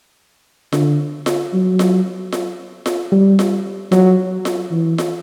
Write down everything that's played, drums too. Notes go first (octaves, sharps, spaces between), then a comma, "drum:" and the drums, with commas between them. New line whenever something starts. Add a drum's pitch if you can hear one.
D3, drum: snare F4
drum: snare F4
F#3
drum: snare F4
drum: snare F4
drum: snare F4
G3
drum: snare F4
F#3, drum: snare F4
drum: snare F4
E3
drum: snare F4